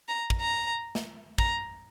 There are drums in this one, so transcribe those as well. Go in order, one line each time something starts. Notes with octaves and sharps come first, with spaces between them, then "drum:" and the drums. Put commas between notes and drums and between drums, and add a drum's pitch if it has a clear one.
A#5
drum: kick
A#5
drum: snare
A#5, drum: kick